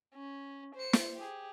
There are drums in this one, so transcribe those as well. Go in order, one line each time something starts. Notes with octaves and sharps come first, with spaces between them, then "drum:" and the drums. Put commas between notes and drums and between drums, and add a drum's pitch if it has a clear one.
C#4
C5 C#7
drum: snare
G4 G#4